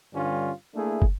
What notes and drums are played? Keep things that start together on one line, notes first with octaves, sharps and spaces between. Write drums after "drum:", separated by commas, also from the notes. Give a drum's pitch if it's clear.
G2 D3 G3 C#4 F4
A3 A#3 D4 E4 G#4
drum: kick